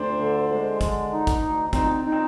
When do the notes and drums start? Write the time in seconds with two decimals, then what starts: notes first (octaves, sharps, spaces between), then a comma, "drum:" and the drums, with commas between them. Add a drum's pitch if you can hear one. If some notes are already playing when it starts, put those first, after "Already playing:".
Already playing: D2 D4 C5
0.19 D3
0.50 G#3
0.81 D3, drum: kick, hi-hat
1.12 D#4
1.27 drum: kick, hi-hat
1.42 D2
1.73 C4 D#4, drum: kick, hi-hat
2.05 D#4
2.12 C4